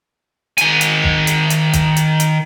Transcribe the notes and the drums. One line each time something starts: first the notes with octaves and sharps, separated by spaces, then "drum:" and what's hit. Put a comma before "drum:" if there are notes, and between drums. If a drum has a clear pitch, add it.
D#3 G#5, drum: hi-hat
drum: hi-hat
drum: kick
drum: hi-hat
drum: hi-hat
drum: kick, hi-hat
drum: hi-hat
drum: hi-hat